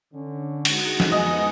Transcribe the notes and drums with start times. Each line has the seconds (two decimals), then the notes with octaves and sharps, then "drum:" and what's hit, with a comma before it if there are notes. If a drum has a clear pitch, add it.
0.14 D3 C#4
0.65 G#3 D#4 F#4 F#5, drum: cymbal
1.00 drum: snare
1.12 F2 B3 D#5 G#5